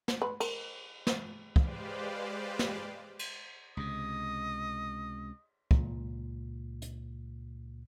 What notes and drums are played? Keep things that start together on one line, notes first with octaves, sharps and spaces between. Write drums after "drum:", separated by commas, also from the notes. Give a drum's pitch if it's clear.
drum: snare
B4
A#4, drum: cymbal
drum: snare
G#3 G4 B4 C5 D5 F5, drum: kick
drum: snare
drum: cymbal
C#2 C3 D#5
C#2 A#2, drum: kick
drum: hi-hat